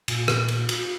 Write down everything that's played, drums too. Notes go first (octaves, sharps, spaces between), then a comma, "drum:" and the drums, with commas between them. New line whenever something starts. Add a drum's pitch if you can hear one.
A#2, drum: cymbal
drum: rim click
drum: cymbal
drum: cymbal